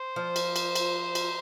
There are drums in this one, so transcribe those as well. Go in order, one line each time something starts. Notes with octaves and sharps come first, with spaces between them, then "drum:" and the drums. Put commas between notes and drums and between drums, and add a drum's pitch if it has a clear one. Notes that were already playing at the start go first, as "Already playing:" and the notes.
Already playing: C5
F3
drum: cymbal
drum: cymbal
drum: cymbal
drum: cymbal